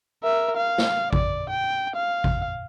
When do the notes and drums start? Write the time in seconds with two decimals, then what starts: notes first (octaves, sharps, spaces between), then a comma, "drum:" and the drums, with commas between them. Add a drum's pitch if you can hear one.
0.23 A#4 E5
0.57 F5
0.78 drum: snare
1.13 D5, drum: kick
1.50 G5
1.96 F5
2.24 drum: kick